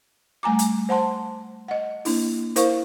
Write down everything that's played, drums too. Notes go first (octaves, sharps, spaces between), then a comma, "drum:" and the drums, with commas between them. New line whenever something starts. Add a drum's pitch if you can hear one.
G3 A3 G#5 A#5 D6
drum: hi-hat
C5 F#5 A5 C6
D#5 F#5
A#3 D4 E4, drum: open hi-hat
E4 A#4 C5 F5 C#6, drum: hi-hat